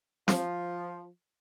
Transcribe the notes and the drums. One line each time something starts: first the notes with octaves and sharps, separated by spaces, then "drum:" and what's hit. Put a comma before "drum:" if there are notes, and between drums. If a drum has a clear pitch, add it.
F3, drum: snare